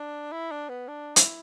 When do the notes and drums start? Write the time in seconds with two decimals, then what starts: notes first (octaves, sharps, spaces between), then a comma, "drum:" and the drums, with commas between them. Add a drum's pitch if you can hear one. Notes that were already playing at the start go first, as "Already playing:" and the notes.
Already playing: D4
0.32 E4
0.51 D4
0.69 B3
0.88 D4
1.16 E4, drum: hi-hat